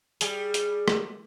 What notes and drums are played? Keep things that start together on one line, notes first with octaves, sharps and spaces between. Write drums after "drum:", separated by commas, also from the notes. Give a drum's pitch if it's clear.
G3 G#4, drum: hi-hat
drum: hi-hat
drum: rim click